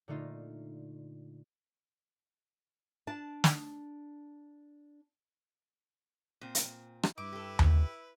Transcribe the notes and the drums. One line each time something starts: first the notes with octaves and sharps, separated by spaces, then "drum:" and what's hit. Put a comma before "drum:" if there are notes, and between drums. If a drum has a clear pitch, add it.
A#2 D3 A3 D#4 F4
D4 A5
drum: snare
A#2 C4
drum: hi-hat
drum: rim click
G2 E4 B4 D6
G4 A4
drum: tom D#2